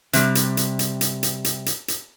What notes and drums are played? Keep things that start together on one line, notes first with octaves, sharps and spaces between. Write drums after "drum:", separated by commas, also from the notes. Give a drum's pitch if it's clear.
C3 G3, drum: hi-hat
drum: hi-hat
drum: hi-hat
drum: hi-hat
drum: hi-hat
drum: hi-hat
drum: hi-hat
drum: hi-hat
drum: hi-hat